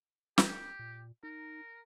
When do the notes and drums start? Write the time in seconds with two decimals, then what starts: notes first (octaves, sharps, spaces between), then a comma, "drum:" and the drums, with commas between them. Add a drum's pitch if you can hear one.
0.38 G4, drum: snare
0.79 A#2
1.23 D#4 A#4